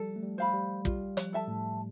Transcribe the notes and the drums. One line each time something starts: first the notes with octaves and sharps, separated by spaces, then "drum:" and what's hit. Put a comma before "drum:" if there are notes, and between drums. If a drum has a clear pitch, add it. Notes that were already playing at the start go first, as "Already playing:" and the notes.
Already playing: F3 G3 A4
A3
G3
C5 F5 B5
G3
G3 F4, drum: kick
F3, drum: hi-hat
A4 E5 A5
A2 A3